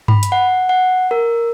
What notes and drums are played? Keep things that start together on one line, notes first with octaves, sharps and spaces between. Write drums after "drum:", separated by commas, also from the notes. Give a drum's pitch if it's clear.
B5, drum: tom G2
drum: hi-hat
F#5
F#5
A#4